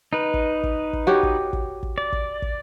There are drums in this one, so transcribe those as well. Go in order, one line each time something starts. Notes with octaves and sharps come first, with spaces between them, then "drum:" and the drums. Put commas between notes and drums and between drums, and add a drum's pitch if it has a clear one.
D#4 B4
drum: kick
drum: kick
drum: kick
F#4 G4 C#5
drum: kick
drum: kick
drum: kick
D5
drum: kick
drum: kick